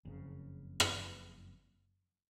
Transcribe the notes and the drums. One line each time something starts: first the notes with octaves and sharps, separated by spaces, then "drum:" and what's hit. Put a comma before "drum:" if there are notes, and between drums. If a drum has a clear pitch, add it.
F#1 F2 C#3
drum: rim click